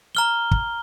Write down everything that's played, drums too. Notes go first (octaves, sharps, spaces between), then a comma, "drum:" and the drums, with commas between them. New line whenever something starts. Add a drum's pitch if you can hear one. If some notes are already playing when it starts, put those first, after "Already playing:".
A#5 F6 G7
drum: kick